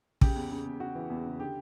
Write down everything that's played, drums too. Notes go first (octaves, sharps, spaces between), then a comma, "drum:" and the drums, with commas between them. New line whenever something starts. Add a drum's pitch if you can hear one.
C#3 G4, drum: kick
E2
C#3
E2
C#3 F#4
E3
E2
C#3
D3 G4